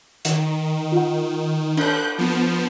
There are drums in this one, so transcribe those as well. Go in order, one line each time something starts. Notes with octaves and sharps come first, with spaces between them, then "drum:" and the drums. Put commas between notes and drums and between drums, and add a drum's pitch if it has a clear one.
D#3, drum: hi-hat
F4 F#5
D4 F#6 G6, drum: cymbal
F3 B3